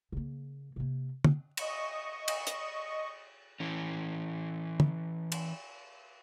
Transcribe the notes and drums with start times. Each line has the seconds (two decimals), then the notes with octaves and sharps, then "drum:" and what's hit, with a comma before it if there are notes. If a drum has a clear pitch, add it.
0.12 C#3 A#3
0.76 C3 A#3
1.25 drum: tom
1.57 D#5 C#6, drum: cymbal
2.28 drum: cymbal
2.47 drum: hi-hat
3.60 E3 C#4
4.80 drum: tom
5.32 drum: cymbal